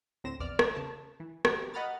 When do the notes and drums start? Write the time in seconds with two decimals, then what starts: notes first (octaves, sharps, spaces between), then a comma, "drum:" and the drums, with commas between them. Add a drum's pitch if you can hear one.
0.24 D2 A2 C4 A#6 E7
0.39 A#1 E2 D5 F6
0.59 drum: rim click
0.75 C#3 A5
1.20 E3
1.45 F#4 G4, drum: rim click
1.74 D#5 F#5 A#5 B5 F6 A6